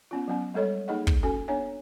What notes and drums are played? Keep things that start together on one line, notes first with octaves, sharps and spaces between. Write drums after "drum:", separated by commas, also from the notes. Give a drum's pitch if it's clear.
B3 C#4 F4
F#3 B3 C#4
G3 G#3 A4 C#5 D#5
A#3 D#4 G#4 D#5 F#5
drum: kick
C#4 F#4 A4 G#5
B3 D4 C#5 G#5